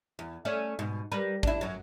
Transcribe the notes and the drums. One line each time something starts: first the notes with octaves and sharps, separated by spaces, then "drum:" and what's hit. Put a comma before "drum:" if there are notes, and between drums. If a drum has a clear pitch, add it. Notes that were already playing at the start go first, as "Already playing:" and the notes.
E2
A3 C#4 D5
G#2 B2
G3 A#4 B4
D4 E4, drum: kick
F#2 F#3